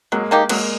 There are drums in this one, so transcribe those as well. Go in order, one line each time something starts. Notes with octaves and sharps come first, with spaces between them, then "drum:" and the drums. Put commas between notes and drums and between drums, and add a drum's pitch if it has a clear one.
F#3 G#3 A#3
A#3 D#4 G4
F#3 G#3 A#3, drum: cymbal